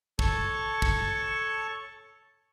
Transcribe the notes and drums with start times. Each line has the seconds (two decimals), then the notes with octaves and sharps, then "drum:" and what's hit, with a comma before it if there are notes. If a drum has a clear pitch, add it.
0.19 A4 C#5 A5 C#6, drum: kick
0.82 drum: kick